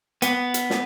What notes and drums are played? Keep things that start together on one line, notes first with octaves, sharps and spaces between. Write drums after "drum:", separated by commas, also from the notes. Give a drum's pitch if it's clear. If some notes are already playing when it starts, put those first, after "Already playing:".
B3, drum: hi-hat
drum: hi-hat
drum: snare